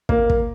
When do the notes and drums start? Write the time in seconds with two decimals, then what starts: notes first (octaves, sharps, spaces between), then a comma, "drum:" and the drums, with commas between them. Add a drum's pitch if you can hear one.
0.09 A#3, drum: kick
0.30 drum: kick